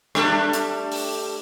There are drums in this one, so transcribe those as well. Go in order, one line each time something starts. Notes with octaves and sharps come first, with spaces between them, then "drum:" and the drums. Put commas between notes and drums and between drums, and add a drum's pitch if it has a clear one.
G3 A3 D4, drum: rim click
drum: hi-hat
drum: open hi-hat